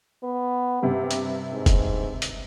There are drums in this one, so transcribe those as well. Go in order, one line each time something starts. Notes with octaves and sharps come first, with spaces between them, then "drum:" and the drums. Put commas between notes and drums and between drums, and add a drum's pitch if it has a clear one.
B3
G2 C3 G4
drum: hi-hat
G#2
drum: kick, hi-hat
drum: hi-hat